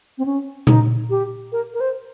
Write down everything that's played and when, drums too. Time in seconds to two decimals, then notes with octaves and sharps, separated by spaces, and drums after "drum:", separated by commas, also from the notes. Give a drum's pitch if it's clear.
0.18 C4
0.25 C#4
0.67 D#4, drum: tom A#2
1.10 G4
1.52 A#4
1.74 A#4
1.80 C5